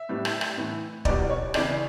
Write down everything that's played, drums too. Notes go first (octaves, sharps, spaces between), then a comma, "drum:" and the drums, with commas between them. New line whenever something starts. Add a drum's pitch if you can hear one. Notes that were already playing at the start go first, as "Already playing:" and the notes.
Already playing: E5
A2 G3 B3
drum: rim click
drum: rim click
A2 E3 B3
E2 B2 G3 D5, drum: kick
C#5
C#3 E3 B3 D5, drum: rim click